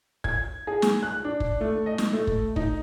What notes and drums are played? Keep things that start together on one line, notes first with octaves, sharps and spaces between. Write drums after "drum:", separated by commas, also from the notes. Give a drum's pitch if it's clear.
G#6, drum: kick
G#4
drum: snare
F#6
D4
drum: kick
A3
D#5
drum: snare
A3
drum: kick
D#4, drum: kick